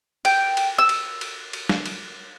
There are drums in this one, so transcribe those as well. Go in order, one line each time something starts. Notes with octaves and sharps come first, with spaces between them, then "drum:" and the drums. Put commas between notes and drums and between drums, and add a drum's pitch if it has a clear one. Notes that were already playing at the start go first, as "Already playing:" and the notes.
G5, drum: cymbal
drum: cymbal
E6
drum: cymbal
drum: cymbal
drum: cymbal
drum: snare
drum: cymbal